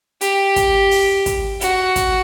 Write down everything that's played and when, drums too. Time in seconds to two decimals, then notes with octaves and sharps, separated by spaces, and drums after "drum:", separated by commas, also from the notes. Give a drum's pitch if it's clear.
0.21 G4, drum: hi-hat
0.56 drum: kick, hi-hat
0.91 drum: open hi-hat
1.26 drum: kick, hi-hat
1.61 F#4, drum: hi-hat
1.96 drum: kick, hi-hat